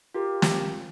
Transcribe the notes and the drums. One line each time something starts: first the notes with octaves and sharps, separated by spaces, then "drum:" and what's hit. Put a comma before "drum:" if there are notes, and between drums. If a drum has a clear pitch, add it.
F4 G4 A#4
drum: snare